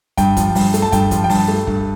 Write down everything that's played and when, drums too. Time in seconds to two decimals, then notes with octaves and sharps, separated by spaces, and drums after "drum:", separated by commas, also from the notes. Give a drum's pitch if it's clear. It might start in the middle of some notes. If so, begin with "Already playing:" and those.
0.17 G2 G5, drum: kick, hi-hat
0.37 F3, drum: kick, hi-hat
0.55 G2, drum: open hi-hat
0.74 A3, drum: hi-hat
0.82 A5
0.92 G2 G5, drum: kick, hi-hat
1.11 F3, drum: kick, hi-hat
1.24 G5
1.30 G2 A5, drum: open hi-hat
1.48 A3
1.67 G2, drum: kick